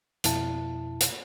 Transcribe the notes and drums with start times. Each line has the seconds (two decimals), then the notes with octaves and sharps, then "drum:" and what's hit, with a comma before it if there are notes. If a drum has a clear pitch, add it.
0.24 F2 B2 E4 A5, drum: hi-hat
1.01 drum: hi-hat